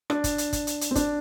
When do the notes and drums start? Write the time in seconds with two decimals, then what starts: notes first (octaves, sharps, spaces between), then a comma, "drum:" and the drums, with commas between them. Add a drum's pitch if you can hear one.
0.10 D4, drum: rim click
0.24 drum: kick, hi-hat
0.38 drum: hi-hat
0.53 drum: kick, hi-hat
0.67 drum: hi-hat
0.81 drum: hi-hat
0.91 C4
0.95 D4, drum: kick, hi-hat